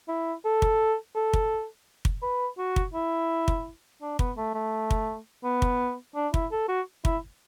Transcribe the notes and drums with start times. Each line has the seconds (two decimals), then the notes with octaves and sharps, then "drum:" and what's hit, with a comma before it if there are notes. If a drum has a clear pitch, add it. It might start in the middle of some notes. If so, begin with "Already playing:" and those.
0.08 E4
0.45 A4
0.62 drum: kick
1.15 A4
1.34 drum: kick
2.05 drum: kick
2.22 B4
2.58 F#4
2.76 drum: kick
2.94 E4
3.48 drum: kick
4.02 D4
4.19 B3, drum: kick
4.37 A3
4.55 A3
4.91 drum: kick
5.44 B3
5.62 drum: kick
6.16 D4
6.34 E4, drum: kick
6.52 A4
6.68 F#4
7.05 E4, drum: kick